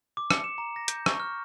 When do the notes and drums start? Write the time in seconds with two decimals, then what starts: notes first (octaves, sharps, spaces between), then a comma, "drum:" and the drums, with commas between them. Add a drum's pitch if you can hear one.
0.17 D6
0.31 C#7, drum: rim click
0.44 E7
0.58 A#5
0.76 A#6
0.88 G6, drum: hi-hat
1.06 C#6, drum: rim click
1.20 F6